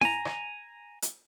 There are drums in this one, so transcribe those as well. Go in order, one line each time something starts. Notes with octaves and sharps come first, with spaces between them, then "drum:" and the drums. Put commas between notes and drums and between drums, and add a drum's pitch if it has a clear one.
G#5 A#5, drum: snare E4
drum: rim click
drum: hi-hat